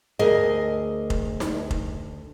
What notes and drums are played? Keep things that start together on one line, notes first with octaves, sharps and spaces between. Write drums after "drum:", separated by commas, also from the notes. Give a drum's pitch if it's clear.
D2 G#4 A#4 D#5
drum: kick F1
drum: snare D#4
drum: kick F1